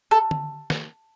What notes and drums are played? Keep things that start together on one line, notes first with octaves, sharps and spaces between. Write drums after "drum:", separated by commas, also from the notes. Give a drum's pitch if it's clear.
A4
drum: tom D3
drum: snare